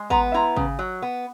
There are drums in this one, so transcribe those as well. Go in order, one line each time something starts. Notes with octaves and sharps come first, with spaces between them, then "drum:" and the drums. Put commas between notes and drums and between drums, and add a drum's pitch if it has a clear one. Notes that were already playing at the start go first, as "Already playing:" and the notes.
Already playing: G#3
B3 A#5, drum: kick G#1
E4 A#5
C#3, drum: kick G#1
F#3
B3